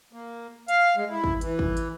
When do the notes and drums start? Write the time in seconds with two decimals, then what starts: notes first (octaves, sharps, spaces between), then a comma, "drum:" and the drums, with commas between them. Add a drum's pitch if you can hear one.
0.13 A#3
0.68 F5, drum: hi-hat
0.97 G#3
1.10 E4
1.24 drum: kick
1.41 E3, drum: hi-hat
1.59 drum: kick
1.77 drum: hi-hat